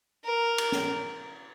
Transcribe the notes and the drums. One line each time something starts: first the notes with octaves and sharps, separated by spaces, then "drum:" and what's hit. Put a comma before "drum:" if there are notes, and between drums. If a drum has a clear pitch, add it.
A#4
drum: cymbal
drum: snare